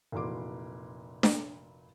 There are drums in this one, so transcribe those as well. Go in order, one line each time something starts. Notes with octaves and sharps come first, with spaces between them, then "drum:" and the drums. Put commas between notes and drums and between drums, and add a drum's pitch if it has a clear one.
F1 A#2 E3 F#4 C6 D6
drum: snare D4